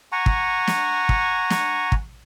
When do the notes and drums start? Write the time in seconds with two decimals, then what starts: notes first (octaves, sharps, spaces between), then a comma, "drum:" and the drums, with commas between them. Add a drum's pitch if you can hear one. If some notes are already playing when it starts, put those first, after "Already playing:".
0.12 F#5 G#5 A#5 C#6
0.26 drum: kick
0.68 drum: snare
1.09 drum: kick
1.50 drum: snare
1.92 drum: kick